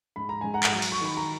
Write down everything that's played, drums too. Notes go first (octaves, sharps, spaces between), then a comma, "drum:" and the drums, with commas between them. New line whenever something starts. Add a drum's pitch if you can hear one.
G#2 B5
A#5
G#2 G#5
F#5 A#5
drum: clap
F#3
drum: cymbal
C#6
D#3 B5
A#5